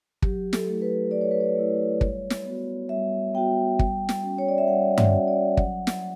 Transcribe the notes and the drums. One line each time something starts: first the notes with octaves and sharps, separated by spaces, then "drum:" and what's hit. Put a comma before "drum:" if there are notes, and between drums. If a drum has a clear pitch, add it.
F#3 G4, drum: kick
A4, drum: snare
A3 E4
B4
F#3 D5
C#5
B4
C#5
A3 E4
G3, drum: kick
drum: snare
B3 F#4
G3 E5
B3 F#4 G5
G3, drum: kick
drum: snare
C#4 F#4
C#5
D5
E5
G3 F#5
E5, drum: tom G2
C#4 F#4
D5
F#3 F#5, drum: kick
drum: snare